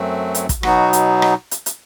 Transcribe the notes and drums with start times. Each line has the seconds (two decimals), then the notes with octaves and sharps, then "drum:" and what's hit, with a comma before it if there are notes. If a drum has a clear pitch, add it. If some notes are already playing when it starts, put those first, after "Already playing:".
Already playing: F#2 F#3 A3 C4
0.35 drum: hi-hat
0.49 drum: kick, hi-hat
0.63 B2 F#3 B3 D#4 F#4, drum: rim click
0.93 drum: hi-hat
1.22 drum: rim click
1.51 drum: hi-hat
1.66 drum: hi-hat